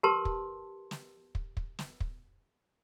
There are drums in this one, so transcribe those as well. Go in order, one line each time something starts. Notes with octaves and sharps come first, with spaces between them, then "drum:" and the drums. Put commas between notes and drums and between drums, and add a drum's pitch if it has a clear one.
G4 A#4 B4 A5 C6
drum: kick
drum: snare
drum: kick
drum: kick
drum: snare
drum: kick